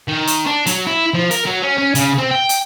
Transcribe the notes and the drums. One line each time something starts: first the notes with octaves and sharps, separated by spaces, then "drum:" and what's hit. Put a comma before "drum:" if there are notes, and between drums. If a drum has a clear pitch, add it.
D#3
drum: hi-hat
D4
F#3, drum: hi-hat
E4
F3
A#4, drum: hi-hat
F#3
C#4
C#4
C#3, drum: hi-hat
C4
G5
drum: hi-hat